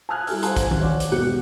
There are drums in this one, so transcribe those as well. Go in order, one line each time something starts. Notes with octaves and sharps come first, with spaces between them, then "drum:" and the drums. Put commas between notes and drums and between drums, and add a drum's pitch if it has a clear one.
G#5 A5 D#6 F6 F#6 G#6
G3 E4 A4 F6, drum: open hi-hat
C5 F5 F#5 G#5 C6, drum: hi-hat
drum: kick, hi-hat
drum: tom
C#5 D5 F#5 D6
drum: hi-hat
E1 B3 G4 F#6 C#7